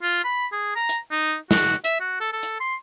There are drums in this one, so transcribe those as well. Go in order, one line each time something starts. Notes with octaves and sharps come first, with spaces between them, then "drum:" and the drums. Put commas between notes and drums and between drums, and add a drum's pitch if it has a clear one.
F4
B5
G#4
A#5
drum: hi-hat
D#4
F#4, drum: snare
E5, drum: hi-hat
F#4
A4
A4
drum: hi-hat
C6